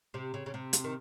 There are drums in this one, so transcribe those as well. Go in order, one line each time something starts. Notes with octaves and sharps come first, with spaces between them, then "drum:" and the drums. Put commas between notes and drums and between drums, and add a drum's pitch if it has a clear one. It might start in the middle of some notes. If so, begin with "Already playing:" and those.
C3
C#3
C#3
C3
drum: hi-hat
D#3